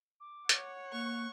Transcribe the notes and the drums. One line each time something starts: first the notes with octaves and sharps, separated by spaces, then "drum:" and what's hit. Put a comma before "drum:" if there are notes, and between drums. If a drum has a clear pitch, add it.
D6
C#5 F#5, drum: hi-hat
A#3 C#6 F#6